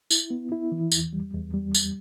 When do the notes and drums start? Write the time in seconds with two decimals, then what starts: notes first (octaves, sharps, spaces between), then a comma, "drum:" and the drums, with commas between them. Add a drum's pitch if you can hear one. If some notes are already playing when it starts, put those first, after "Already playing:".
0.11 E4, drum: tambourine
0.30 B3
0.52 E4
0.72 E3
0.92 E2, drum: tambourine
1.13 G3
1.34 E2
1.53 G3
1.74 E2, drum: tambourine